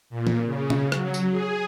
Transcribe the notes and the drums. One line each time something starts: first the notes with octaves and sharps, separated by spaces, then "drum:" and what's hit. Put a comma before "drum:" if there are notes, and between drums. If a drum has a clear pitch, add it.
A#2
drum: tom E3
C#3
drum: tom
F#3, drum: rim click
drum: tambourine
G#4